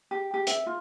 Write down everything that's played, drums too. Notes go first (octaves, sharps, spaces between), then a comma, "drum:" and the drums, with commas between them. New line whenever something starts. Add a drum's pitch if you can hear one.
G4
G4
E5, drum: hi-hat
F4